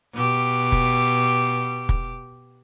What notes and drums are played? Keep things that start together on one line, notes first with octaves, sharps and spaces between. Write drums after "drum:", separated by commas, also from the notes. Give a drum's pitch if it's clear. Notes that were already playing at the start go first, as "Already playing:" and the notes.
B2 G4
drum: kick
drum: kick